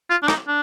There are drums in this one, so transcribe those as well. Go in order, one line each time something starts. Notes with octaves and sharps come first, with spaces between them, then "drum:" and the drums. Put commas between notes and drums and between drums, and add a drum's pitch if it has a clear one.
F4
D4
D#4, drum: rim click
D4